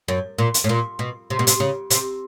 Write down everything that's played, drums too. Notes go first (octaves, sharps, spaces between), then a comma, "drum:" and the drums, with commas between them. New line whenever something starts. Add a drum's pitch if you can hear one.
F#2
A#2
drum: hi-hat
A2
A#2
B2
C3
B2
C3, drum: hi-hat
C#3
C3, drum: hi-hat